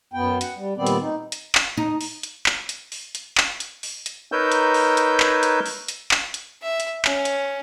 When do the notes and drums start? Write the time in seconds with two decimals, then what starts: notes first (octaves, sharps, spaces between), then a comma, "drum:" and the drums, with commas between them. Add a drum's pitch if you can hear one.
0.13 F#2 B3 G5
0.41 F#5, drum: hi-hat
0.55 G3
0.77 A#2 D#3 G3 B3 C4 D5
0.87 drum: hi-hat
1.01 D#4
1.32 drum: hi-hat
1.55 drum: clap
1.77 D#4
2.01 drum: open hi-hat
2.23 drum: hi-hat
2.46 drum: clap
2.69 drum: hi-hat
2.92 drum: open hi-hat
3.15 drum: hi-hat
3.37 drum: clap
3.60 drum: hi-hat
3.83 drum: open hi-hat
4.06 drum: hi-hat
4.32 D#4 A#4 B4 C#5 E6 G6
4.52 drum: hi-hat
4.74 drum: open hi-hat
4.97 drum: hi-hat
5.20 drum: clap
5.43 drum: hi-hat
5.66 drum: open hi-hat
5.88 drum: hi-hat
6.11 drum: clap
6.34 drum: hi-hat
6.62 E5
6.80 drum: hi-hat
7.05 C#4, drum: clap
7.25 drum: hi-hat